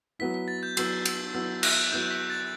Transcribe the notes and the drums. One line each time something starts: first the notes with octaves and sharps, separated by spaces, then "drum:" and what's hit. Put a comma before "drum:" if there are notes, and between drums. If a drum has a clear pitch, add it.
F#3 B3 E4 B6
B6
A6
G6
F#3 B3 E4 E6, drum: cymbal
E6, drum: cymbal
F#3 B3 E4 E6
F#6, drum: cymbal
F#3 B3 E4 G6
B6
A6